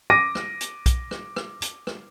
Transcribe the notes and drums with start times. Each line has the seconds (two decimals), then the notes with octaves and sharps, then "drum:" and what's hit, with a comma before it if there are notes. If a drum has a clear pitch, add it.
0.10 D6 A#6 D#7
0.35 drum: rim click
0.61 drum: hi-hat
0.86 drum: kick B1, hi-hat
1.11 drum: rim click
1.36 drum: rim click
1.62 drum: hi-hat
1.87 drum: rim click